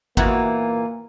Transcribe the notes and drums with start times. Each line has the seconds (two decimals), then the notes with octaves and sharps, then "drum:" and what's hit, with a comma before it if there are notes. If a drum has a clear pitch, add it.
0.17 A#2 E3 A#3 B3 F#4, drum: kick G1